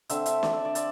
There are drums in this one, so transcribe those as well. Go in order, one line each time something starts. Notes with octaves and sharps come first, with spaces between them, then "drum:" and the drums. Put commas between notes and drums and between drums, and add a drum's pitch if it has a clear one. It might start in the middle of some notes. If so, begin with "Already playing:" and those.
D3 C4 E5, drum: hi-hat
E5, drum: hi-hat
D5, drum: snare
E5
D5
D5, drum: hi-hat